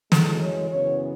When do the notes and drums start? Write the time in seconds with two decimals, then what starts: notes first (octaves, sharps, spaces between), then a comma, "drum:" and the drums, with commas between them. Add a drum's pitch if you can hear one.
0.12 F#2 E3 G#3 A4, drum: snare
0.41 C#5
0.70 F#2 C#3 E3 B3 C#5